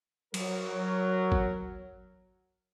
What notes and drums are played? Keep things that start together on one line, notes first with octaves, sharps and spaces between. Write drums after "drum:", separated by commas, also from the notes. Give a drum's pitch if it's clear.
F#3 A#4, drum: cymbal
drum: kick G#1